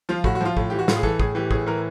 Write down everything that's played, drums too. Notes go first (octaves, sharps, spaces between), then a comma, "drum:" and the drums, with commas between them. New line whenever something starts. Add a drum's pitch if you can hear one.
F3 F4
A2 F#4, drum: kick
F#4
F3 F4
A2, drum: kick
E3 G4
F#4
A2 F4, drum: snare
G#4
E3 A4, drum: kick
A2 G#4, drum: kick
E3 G4
A2 G#4, drum: kick
E3 A#4